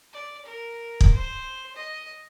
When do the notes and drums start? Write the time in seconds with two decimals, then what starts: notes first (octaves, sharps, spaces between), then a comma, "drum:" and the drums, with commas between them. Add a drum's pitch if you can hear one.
0.13 D5
0.46 A#4
1.01 drum: kick
1.14 C5
1.76 D#5